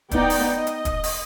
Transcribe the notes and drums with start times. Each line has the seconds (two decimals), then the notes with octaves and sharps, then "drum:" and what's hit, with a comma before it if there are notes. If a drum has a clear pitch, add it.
0.11 B3 D#4 D5 G5, drum: kick, hi-hat
0.30 drum: open hi-hat
0.55 D#5
0.67 drum: hi-hat
0.85 drum: kick, hi-hat
1.04 drum: open hi-hat